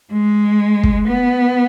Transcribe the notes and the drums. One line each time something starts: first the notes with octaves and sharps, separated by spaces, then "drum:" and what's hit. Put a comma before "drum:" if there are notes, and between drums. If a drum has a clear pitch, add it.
G#3
drum: kick
B3